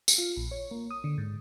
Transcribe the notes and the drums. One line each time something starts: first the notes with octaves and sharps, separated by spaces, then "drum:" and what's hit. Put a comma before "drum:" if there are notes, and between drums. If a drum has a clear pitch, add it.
drum: tambourine
F4
A#1
C#5
A#3
D#6
D3
G#2